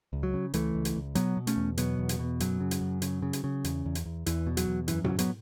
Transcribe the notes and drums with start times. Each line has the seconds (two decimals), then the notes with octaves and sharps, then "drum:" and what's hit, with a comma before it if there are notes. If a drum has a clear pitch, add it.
0.13 C#2
0.23 F#3
0.34 C#3
0.54 C#2 E3 A3, drum: hi-hat
0.75 C#2
0.85 drum: hi-hat
0.96 C#2
1.15 B2 F#3 B3, drum: hi-hat
1.37 B2
1.47 A3 C#4, drum: hi-hat
1.57 E2
1.78 B2 F#3 B3, drum: hi-hat
1.99 E2
2.09 drum: hi-hat
2.19 B2
2.40 F#2 F#3, drum: hi-hat
2.60 C#3
2.71 drum: hi-hat
2.81 F#2
3.02 C#3, drum: hi-hat
3.22 C#3
3.33 drum: hi-hat
3.44 C#3
3.64 E2, drum: hi-hat
3.86 E2
3.95 drum: hi-hat
4.06 E2
4.26 E2 E3, drum: hi-hat
4.47 B2
4.57 F#3, drum: hi-hat
4.68 E2
4.88 F#2 E3, drum: hi-hat
5.04 C#3 F#3, drum: tom A2
5.19 F#3 B3, drum: hi-hat